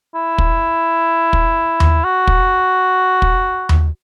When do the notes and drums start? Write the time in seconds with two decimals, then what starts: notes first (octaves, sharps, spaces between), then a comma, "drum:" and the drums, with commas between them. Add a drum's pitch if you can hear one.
0.15 E4
0.38 drum: kick
1.33 drum: kick
1.80 drum: tom D#2
2.04 F#4
2.27 drum: kick
3.22 drum: kick
3.69 drum: tom D#2